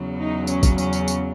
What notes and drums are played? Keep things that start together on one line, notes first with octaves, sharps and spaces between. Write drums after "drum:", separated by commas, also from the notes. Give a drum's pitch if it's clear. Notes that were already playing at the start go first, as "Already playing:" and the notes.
Already playing: E2 C#3 F#3
D#4
C#4, drum: tambourine
drum: kick, tambourine
C#4, drum: tambourine
drum: tambourine
drum: tambourine